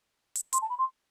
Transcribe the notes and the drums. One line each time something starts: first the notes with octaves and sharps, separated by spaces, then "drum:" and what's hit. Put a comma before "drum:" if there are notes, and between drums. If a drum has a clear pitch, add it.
drum: hi-hat
C6, drum: hi-hat
A5
B5
C6